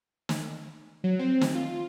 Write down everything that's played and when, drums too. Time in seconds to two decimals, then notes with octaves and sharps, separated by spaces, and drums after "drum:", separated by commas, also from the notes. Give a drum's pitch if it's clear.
0.29 drum: snare
1.04 F#3
1.19 C4
1.41 drum: snare
1.55 F4